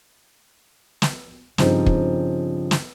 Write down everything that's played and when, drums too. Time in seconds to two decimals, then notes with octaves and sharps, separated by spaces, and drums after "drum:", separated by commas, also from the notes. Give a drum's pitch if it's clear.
1.02 drum: snare
1.58 G2 C#3 F3 C4 D#4, drum: snare
1.86 drum: kick
2.71 drum: snare